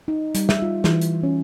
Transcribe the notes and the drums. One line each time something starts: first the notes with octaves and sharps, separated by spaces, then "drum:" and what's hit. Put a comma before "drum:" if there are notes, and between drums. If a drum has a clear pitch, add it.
D#4
G3, drum: hi-hat
E5, drum: snare
F4
E3, drum: snare
drum: hi-hat
C#4